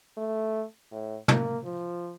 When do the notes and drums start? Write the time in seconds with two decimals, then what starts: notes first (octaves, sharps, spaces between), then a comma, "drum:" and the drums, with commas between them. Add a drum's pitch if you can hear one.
0.17 A3
0.91 A2
1.28 A#3, drum: tom
1.64 F3